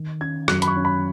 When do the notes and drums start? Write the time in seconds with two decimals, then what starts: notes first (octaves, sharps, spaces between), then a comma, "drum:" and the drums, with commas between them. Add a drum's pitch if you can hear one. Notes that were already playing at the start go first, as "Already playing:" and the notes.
Already playing: D#3
0.21 C#4 G#6
0.48 F#2 F#6, drum: rim click
0.62 B5, drum: hi-hat
0.67 C#6
0.76 C#4
0.85 B5